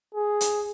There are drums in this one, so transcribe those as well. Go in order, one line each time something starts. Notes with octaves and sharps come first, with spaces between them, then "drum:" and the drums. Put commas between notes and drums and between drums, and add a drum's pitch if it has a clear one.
G#4
drum: hi-hat